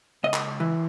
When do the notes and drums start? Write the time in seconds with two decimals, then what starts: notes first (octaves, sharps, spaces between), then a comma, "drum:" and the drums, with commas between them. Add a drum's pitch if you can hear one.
0.24 C#2 D#5
0.34 drum: clap
0.60 E3